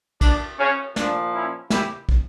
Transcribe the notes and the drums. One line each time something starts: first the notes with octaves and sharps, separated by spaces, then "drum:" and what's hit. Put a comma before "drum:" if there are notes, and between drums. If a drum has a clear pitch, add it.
D4, drum: kick, cymbal
C#4
A#2 F3 D4, drum: snare
C#4 E4
E4 G4, drum: snare
drum: kick